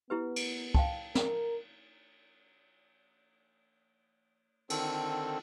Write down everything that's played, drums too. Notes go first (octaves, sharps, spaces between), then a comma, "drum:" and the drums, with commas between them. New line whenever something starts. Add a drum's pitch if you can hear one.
B3 E4 G4 B4
drum: cymbal
F5 G5 A5, drum: kick
A#4, drum: snare
D3 D#3 C4 A4, drum: cymbal